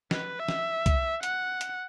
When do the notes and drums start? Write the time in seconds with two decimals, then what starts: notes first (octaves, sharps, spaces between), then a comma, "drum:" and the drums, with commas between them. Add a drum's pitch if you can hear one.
0.11 B4, drum: snare
0.39 E5
0.48 drum: snare
0.86 drum: kick C2, hi-hat
1.23 F#5, drum: hi-hat
1.61 drum: hi-hat